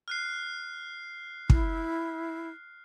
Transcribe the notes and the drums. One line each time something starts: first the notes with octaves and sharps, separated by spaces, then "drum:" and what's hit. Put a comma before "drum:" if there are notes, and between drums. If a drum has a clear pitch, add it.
F6 F#6 C7
E4, drum: kick